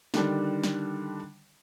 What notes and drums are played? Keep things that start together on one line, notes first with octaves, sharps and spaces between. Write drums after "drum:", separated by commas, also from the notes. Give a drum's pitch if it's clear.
D3 D#3 G3 D4, drum: snare
drum: snare